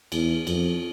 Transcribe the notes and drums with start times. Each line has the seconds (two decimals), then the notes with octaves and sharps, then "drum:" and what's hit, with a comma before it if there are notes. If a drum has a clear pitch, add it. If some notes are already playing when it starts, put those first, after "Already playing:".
0.12 E2, drum: cymbal
0.47 F2, drum: cymbal